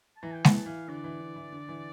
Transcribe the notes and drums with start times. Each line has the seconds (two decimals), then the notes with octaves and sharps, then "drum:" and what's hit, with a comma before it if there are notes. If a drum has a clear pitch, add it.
0.17 A5
0.23 E3 A#5
0.34 G5
0.45 E3 A5, drum: snare G#3
0.66 E3 F5
0.88 D3 D5
1.04 E3
1.20 D3
1.36 E3
1.52 D3
1.68 E3